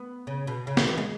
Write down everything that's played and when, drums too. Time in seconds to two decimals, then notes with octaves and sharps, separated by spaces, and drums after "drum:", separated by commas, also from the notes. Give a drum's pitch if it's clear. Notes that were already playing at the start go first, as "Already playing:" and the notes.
Already playing: B3
0.27 C#3
0.47 B2
0.67 C#3
0.77 D#3, drum: snare
0.88 E3
0.98 G#3